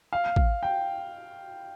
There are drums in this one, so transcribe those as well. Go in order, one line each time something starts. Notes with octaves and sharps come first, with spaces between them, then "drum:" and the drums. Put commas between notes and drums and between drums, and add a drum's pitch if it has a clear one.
F5
drum: kick
G5